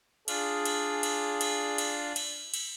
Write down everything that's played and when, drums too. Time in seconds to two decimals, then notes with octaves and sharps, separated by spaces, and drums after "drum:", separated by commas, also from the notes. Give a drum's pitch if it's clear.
0.28 D4 F4 G#4, drum: cymbal
0.65 drum: cymbal
1.03 drum: cymbal
1.41 drum: cymbal
1.78 drum: cymbal
2.16 drum: cymbal
2.54 drum: cymbal